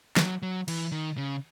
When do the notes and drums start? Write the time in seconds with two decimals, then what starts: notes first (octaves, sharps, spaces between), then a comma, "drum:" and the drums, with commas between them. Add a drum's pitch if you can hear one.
0.17 F#3, drum: snare
0.42 F#3
0.68 E3, drum: cymbal
0.92 D#3
1.18 C#3